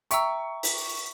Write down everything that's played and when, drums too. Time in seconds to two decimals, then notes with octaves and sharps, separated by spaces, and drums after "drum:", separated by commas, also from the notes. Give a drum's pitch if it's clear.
0.11 E5 G5 A#5 C#6 E6, drum: hi-hat
0.63 drum: open hi-hat